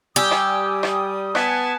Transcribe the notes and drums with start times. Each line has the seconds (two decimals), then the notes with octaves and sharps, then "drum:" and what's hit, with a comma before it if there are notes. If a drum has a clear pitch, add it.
0.16 G3 G4 D5 G#5 D#6 E6
0.31 drum: rim click
0.83 drum: rim click
1.35 B3 G#5 A5 F#6 B6 C#7, drum: rim click